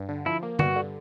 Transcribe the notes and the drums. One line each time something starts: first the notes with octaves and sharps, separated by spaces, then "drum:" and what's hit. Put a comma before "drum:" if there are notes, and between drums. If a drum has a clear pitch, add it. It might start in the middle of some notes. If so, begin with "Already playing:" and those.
Already playing: G2
D3
F3 E4
A#3
G2 F#4, drum: tom
D3